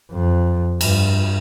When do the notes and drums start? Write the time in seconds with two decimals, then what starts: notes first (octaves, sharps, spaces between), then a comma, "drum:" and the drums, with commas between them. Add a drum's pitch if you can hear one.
0.11 F2
0.81 G2, drum: cymbal